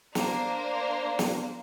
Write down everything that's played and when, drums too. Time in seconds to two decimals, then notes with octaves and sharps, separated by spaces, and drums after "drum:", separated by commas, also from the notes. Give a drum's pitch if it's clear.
0.15 A#3 D4 C5, drum: snare
1.19 drum: snare